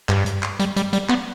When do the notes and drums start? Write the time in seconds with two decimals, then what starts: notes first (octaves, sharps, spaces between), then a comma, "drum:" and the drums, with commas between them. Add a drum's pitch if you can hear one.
0.09 G2, drum: clap
0.26 drum: hi-hat
0.43 drum: clap
0.60 G3, drum: hi-hat
0.77 G3, drum: hi-hat
0.93 G3, drum: hi-hat
1.09 B3, drum: clap